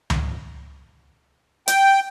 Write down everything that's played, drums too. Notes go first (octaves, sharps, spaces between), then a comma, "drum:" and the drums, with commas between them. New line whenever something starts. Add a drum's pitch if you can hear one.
drum: tom C#2
G5, drum: hi-hat